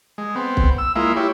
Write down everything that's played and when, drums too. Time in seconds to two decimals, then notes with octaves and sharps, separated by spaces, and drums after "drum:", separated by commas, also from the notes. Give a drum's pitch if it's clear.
0.18 G#3
0.35 B3 C4
0.57 drum: kick
0.78 E6
0.95 G#3 A#3 E4 F4
1.16 E4 G4 C#5